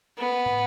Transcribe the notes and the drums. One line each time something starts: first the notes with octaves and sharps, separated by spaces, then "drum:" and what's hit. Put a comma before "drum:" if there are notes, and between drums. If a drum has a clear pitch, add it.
B3
drum: tom